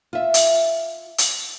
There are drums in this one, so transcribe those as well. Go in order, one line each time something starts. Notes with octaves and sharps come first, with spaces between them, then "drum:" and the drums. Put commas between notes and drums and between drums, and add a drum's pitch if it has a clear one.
F4 E5
drum: hi-hat
drum: hi-hat